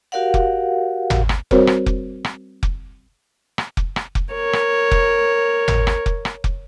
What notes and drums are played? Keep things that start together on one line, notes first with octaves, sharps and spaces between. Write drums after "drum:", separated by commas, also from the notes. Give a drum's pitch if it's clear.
F#4 G4 A#4 D5 F5 F#5
drum: kick F1
drum: tom G#1
drum: rim click
G3 C4 F#4 A#4 C5 C#5, drum: kick F1
drum: rim click
drum: kick F1
drum: rim click
drum: kick F1
drum: rim click
drum: kick F1
drum: rim click
drum: kick F1
A#4 C#5
drum: rim click
drum: kick F1
drum: tom G#1
drum: rim click
drum: kick F1
drum: rim click
drum: kick F1